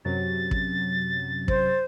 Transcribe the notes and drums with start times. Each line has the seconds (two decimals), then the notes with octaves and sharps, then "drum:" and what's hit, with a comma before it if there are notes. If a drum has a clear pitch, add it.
0.05 F#2 C3 F#3 A6
0.51 drum: kick
1.48 C5, drum: kick